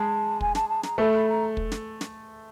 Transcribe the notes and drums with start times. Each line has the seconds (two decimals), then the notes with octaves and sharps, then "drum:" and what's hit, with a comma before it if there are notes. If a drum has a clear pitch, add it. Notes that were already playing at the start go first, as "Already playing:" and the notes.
Already playing: G#3 G#4 A5
0.41 G#5, drum: kick
0.55 A5, drum: snare
0.69 A5
0.83 A#5, drum: snare
0.98 A3 A4 B5
1.14 B5
1.28 A#5
1.57 drum: kick
1.72 drum: snare
2.01 drum: snare